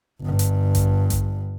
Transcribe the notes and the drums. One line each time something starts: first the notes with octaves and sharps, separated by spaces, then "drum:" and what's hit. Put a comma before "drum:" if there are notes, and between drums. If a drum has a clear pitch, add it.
G1 G2
drum: hi-hat
drum: kick A1, hi-hat
drum: kick A1, hi-hat